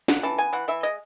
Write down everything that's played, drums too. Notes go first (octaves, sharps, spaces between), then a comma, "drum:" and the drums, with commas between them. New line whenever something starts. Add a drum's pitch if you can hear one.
C#3 F#5, drum: snare
E3 A5
B3 G#5
E3 F#5
E3 E5
G#3 D#5